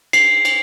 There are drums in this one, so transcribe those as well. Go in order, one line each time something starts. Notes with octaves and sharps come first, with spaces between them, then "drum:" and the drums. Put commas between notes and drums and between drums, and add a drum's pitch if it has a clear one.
C7, drum: cymbal
drum: cymbal